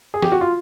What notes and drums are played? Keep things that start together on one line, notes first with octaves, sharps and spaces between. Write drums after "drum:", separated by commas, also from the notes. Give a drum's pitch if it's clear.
G#4
G4, drum: snare
F#4
F4